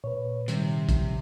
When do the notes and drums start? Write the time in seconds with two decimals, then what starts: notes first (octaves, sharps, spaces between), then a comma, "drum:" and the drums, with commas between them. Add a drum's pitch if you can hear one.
0.04 A#2 B4 C#5
0.48 C3 D#3 G3, drum: hi-hat
0.89 drum: kick, hi-hat